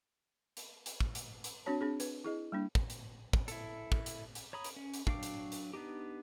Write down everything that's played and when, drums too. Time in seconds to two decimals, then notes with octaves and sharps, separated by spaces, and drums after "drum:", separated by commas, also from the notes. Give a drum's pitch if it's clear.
0.57 drum: hi-hat
0.86 drum: hi-hat
1.00 drum: kick
1.15 drum: hi-hat
1.44 drum: hi-hat
1.66 C4 D4 F#4 C#5 A5
1.81 C4 D4 G#4
2.00 B4, drum: hi-hat
2.24 E4 G#4 D#5
2.52 G3 A#3 D4
2.75 drum: kick
2.90 drum: hi-hat
3.33 drum: kick
3.48 E4 A4, drum: hi-hat
3.92 drum: kick
4.06 drum: hi-hat
4.35 drum: hi-hat
4.53 C#5 A#5 B5 D#6
4.64 drum: hi-hat
4.76 C#4
4.94 drum: hi-hat
5.07 F#3 D4 F5 G5 D6, drum: kick
5.23 drum: hi-hat
5.52 drum: hi-hat
5.73 B3 D4 D#4 G4